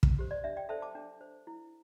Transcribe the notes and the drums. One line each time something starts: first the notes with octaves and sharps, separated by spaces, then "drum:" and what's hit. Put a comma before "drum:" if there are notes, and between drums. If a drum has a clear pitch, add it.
drum: kick
G4 C5
D5
D4 E5
D5 G5
A4 C5 E5 A5
A5 D6
D4
C5
E4